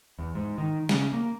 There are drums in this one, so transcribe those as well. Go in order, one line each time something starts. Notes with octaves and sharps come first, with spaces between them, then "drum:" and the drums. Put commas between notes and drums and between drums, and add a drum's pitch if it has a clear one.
E2
G#2
D#3
C#3, drum: snare
A#3